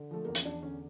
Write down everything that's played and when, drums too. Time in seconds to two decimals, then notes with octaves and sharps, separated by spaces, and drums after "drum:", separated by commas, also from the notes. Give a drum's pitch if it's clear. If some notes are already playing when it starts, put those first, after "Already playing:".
Already playing: D3
0.11 F3 A3
0.25 E2 A#3
0.35 C#4, drum: hi-hat
0.45 E2 D4
0.62 D3 C#4